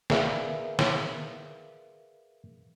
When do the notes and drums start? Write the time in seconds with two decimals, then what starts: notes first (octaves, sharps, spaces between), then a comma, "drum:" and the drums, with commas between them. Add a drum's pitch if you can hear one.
0.10 G#4 A#4 B4 D5 E5 F5, drum: snare
0.79 drum: snare